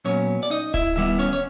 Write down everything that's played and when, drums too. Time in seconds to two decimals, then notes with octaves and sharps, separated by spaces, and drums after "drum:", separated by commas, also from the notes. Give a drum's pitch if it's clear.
0.05 A#2 F#3 B3 C#4 C#5
0.43 D5
0.50 D#4 D#5
0.74 E4 E5, drum: kick D1
0.96 D#3 G3 B3 E4 E5
1.19 C#4 C#5
1.33 C#5